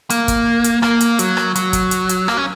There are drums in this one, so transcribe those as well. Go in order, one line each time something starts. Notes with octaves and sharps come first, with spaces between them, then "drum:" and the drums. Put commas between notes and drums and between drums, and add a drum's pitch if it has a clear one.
A#3, drum: hi-hat
drum: kick, hi-hat
drum: hi-hat
A#3, drum: rim click
drum: hi-hat
F#3, drum: hi-hat
drum: rim click
F#3, drum: hi-hat
drum: kick, hi-hat
drum: hi-hat
drum: hi-hat
A#3, drum: rim click
C#4